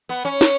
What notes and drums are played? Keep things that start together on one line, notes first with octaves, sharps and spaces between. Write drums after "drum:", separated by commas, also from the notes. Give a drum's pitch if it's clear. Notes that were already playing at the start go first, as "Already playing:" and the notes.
B3
C#4
drum: snare